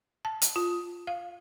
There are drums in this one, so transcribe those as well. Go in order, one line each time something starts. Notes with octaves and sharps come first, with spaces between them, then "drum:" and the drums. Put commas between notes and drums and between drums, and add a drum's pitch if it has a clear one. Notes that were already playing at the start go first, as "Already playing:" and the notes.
A5
drum: hi-hat
F4
F5